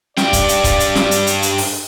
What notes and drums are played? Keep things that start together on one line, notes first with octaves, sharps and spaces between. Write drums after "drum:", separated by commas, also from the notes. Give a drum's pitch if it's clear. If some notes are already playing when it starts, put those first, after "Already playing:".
G2 D5 G5, drum: snare
drum: kick, hi-hat
drum: hi-hat
drum: kick, hi-hat
drum: hi-hat
drum: snare
drum: hi-hat
drum: hi-hat
drum: hi-hat
drum: open hi-hat